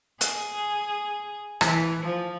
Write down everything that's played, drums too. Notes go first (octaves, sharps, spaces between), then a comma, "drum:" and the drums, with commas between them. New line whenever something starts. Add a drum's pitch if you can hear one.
G#4, drum: hi-hat
E3, drum: rim click
F3